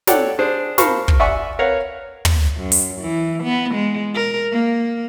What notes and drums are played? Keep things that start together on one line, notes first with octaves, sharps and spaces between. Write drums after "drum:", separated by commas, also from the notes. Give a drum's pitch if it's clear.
A4 C#5 D5 F#5 G5 A5, drum: snare
D4 G#4 C5
A#4 C5 F5 A5 B5 C#6, drum: snare
drum: kick
D5 E5 F#5 G#5 C#6
A#4 B4 C#5 F5 F#5
drum: tom
F#2
drum: open hi-hat
E3
B3
G#3
A#4
A#3